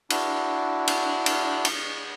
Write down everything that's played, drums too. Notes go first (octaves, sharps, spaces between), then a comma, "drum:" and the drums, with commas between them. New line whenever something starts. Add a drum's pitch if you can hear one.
D4 E4 F#4, drum: cymbal
drum: cymbal
drum: cymbal
drum: cymbal